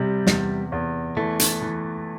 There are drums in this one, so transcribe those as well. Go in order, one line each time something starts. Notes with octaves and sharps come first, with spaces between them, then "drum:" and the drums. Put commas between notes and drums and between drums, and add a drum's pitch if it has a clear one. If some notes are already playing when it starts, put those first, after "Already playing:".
Already playing: C3 G3
E2, drum: snare
E2
E3 A3
drum: hi-hat
E3